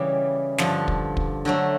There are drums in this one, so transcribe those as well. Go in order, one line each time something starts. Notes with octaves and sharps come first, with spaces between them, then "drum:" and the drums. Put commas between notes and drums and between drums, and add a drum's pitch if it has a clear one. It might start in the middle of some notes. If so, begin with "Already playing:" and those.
Already playing: C#3 E3 G3
G2 D3 F3, drum: snare
drum: kick
drum: kick
D3 F#3 A3